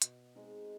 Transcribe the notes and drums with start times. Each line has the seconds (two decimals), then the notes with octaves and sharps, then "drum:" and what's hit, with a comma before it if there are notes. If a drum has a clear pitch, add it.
0.02 B2, drum: hi-hat
0.35 G#3 C4 D#4